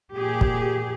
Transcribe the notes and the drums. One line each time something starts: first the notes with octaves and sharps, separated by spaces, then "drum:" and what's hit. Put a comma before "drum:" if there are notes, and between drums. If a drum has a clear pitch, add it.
A#2 G4 G#4
drum: kick